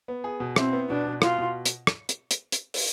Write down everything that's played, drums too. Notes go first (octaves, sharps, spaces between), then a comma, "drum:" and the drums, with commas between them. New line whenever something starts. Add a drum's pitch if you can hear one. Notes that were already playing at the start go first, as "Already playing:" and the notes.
B3
G#4
B2
C4 E4, drum: rim click
B3
B2 D4
B2
B2 F4, drum: rim click
B2
drum: hi-hat
drum: rim click
drum: hi-hat
drum: hi-hat
drum: hi-hat
drum: open hi-hat